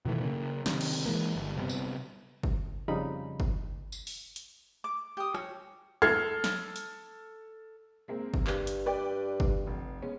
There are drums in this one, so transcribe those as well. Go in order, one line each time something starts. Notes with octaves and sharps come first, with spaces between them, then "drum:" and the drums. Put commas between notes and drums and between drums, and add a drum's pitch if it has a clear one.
B2 D#3 E3 A3
C#3 A#3
C3 D#3, drum: snare
drum: cymbal
E3 G#3 A#3
G1
C3 G3 A3 B3
drum: tambourine
drum: kick G1
F2 C#3 F3 G3 D#4 B5
drum: kick G1
drum: tambourine
drum: open hi-hat
drum: hi-hat
D6
G4 D#6
C#5, drum: rim click
A4 F6 G#6 C7
drum: snare
drum: hi-hat
G#3 A#3 C4
drum: kick G1
G2, drum: clap
drum: hi-hat
B4 D5 G5
drum: kick G1
F1
G#3 B3 C#4